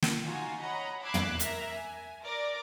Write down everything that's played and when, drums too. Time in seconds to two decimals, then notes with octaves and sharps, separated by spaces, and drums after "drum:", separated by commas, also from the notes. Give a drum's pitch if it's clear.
0.02 drum: snare
0.23 D#4 F4 F#4 G#5
0.60 C#5 D#5 F#5 A#5 B5
1.02 B5 D6 E6 F#6 G#6 C7
1.14 drum: tom
1.40 A#4 E5 A#5, drum: hi-hat
1.75 G#5
2.24 A#4 D5 D6 A#6